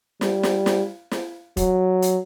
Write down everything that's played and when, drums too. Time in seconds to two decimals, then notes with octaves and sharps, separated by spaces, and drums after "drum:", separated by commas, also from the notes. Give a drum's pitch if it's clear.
0.21 G3, drum: snare
0.43 drum: snare
0.66 drum: snare
1.11 drum: snare
1.57 F#3, drum: kick F1, hi-hat
2.02 drum: hi-hat